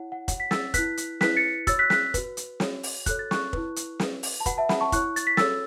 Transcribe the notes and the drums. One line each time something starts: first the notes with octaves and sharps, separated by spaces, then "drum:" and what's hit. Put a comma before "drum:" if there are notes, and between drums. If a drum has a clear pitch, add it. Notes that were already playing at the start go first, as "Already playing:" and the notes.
Already playing: E4 C#5 F#5
F#5
F#4 C#5 F#5, drum: kick, hi-hat
B6
E6 A6, drum: snare
E4 B4 F#6 B6, drum: kick, hi-hat
drum: hi-hat
E4 B4 F#6 B6, drum: snare
A6 C#7
F#4 C#5 E6 A6, drum: kick, hi-hat
F#6 B6
F#6 B6, drum: snare
F#4 B4, drum: kick, hi-hat
drum: hi-hat
F#4 C#5, drum: snare
drum: open hi-hat
F#4 A4 C#5 F#6, drum: kick, hi-hat
A6
C#6 F#6, drum: snare
E4 B4, drum: kick
drum: hi-hat
F#4 B4, drum: snare
drum: open hi-hat
A5
F#4 B4 F#5 B5, drum: kick, hi-hat
E5 A5
F#5 B5, drum: snare
A5 C#6
E4 C#5 C#6 F#6, drum: kick, hi-hat
A6, drum: hi-hat
B6
F#4 A4 C#5 E6 A6, drum: snare